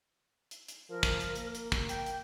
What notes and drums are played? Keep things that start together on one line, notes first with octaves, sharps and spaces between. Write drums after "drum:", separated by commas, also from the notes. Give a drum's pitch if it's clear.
drum: hi-hat
drum: hi-hat
F3 A#4
drum: kick, hi-hat
drum: hi-hat
A#3, drum: hi-hat
drum: hi-hat
drum: kick, hi-hat
G5, drum: hi-hat
drum: hi-hat